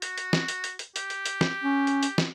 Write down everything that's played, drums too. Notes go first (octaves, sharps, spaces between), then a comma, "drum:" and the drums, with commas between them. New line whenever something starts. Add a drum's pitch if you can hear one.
F#4, drum: hi-hat
drum: hi-hat
drum: snare
drum: hi-hat
drum: hi-hat
drum: hi-hat
G4, drum: hi-hat
drum: hi-hat
drum: hi-hat
drum: snare
C#4
drum: hi-hat
drum: hi-hat
drum: snare